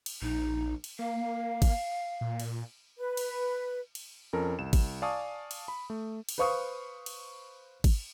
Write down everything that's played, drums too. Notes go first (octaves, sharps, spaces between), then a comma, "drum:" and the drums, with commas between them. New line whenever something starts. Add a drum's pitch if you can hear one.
drum: cymbal
A#1 D#4
drum: cymbal
A#3 F5
drum: kick, cymbal
A#2
drum: cymbal
B4
drum: cymbal
drum: cymbal
F2 C#4 A4 A#4
C2 E7
drum: kick, cymbal
D5 F5 G#5 A5 C#6 D#6
drum: cymbal
B5
A3
drum: cymbal
B4 C5 F5 C#6 D#6
drum: cymbal
drum: kick, cymbal